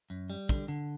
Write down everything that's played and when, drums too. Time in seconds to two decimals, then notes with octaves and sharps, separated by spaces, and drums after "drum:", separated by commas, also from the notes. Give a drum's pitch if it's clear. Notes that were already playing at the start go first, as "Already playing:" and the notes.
0.10 F#2
0.30 G3
0.49 D3, drum: kick, hi-hat
0.68 D3